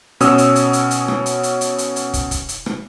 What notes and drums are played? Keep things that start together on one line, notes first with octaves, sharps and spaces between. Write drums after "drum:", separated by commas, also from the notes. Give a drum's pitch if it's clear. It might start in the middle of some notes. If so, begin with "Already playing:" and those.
B2 C#4 D#6 E6, drum: hi-hat
drum: hi-hat
drum: hi-hat
drum: hi-hat
drum: hi-hat
drum: rim click
drum: hi-hat
drum: hi-hat
drum: hi-hat
drum: hi-hat
drum: hi-hat
drum: kick, hi-hat
drum: kick, hi-hat
drum: hi-hat
drum: rim click